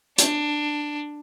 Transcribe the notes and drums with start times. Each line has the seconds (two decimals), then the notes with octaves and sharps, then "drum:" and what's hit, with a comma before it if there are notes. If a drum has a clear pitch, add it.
0.18 D4, drum: hi-hat